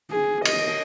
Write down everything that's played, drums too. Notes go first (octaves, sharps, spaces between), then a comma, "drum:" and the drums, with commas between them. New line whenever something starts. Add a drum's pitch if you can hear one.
G#4
D#5, drum: cymbal